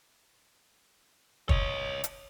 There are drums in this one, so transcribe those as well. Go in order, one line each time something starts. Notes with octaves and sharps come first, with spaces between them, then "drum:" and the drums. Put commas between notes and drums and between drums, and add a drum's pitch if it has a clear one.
C#5 D#5, drum: kick
drum: hi-hat